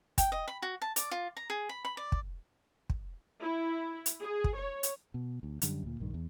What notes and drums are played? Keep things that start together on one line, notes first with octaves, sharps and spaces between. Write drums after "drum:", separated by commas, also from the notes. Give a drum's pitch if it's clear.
G5, drum: kick, hi-hat
D#5
B5
F#4
A5
D5, drum: hi-hat
F4
A#5
G#4
B5
B5
D5
drum: kick
drum: kick
E4
drum: hi-hat
G#4
drum: kick
C#5
drum: hi-hat
B2
D2
F#2 D3 G3, drum: hi-hat
D2 A#2
A#1 G2 D#3
E2